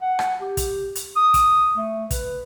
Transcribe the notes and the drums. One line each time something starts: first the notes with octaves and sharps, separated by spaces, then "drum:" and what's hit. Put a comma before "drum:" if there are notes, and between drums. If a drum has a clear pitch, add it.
F#5
drum: rim click
G4
drum: kick, hi-hat
drum: hi-hat
D#6
drum: kick, hi-hat
A3
B4, drum: kick, hi-hat